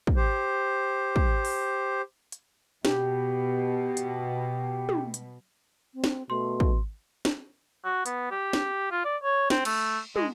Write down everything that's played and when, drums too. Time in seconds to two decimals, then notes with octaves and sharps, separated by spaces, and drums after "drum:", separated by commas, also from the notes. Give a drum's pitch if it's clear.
0.07 drum: kick
0.17 G4 C5
1.16 drum: kick
1.45 drum: open hi-hat
2.32 drum: hi-hat
2.85 B2 G4, drum: snare
3.97 drum: hi-hat
4.89 drum: tom
5.14 drum: hi-hat
5.94 C4
6.04 drum: snare
6.30 B2 A3 C6
6.60 drum: kick
7.25 drum: snare
7.85 F#4
8.06 B3, drum: hi-hat
8.31 G4
8.53 drum: snare
8.91 F4
9.05 D5
9.23 C#5
9.50 C4, drum: snare
9.65 A3, drum: cymbal
10.16 G#3, drum: tom